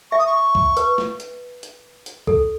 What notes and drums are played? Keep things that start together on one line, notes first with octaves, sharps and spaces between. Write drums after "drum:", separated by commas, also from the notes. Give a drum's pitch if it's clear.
E5 C#6
D#6
C#6
drum: kick C2
B4, drum: hi-hat
drum: snare
drum: hi-hat
drum: hi-hat
drum: hi-hat
A4, drum: kick C2